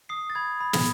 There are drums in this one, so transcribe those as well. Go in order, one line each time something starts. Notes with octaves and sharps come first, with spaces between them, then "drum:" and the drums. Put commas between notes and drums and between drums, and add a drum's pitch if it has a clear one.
D#6 C7
A6
B5 G#6
B5
drum: snare